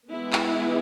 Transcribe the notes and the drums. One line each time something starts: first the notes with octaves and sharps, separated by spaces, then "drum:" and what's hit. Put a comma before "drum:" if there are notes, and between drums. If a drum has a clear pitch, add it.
E3 G#3 B3 E4
drum: clap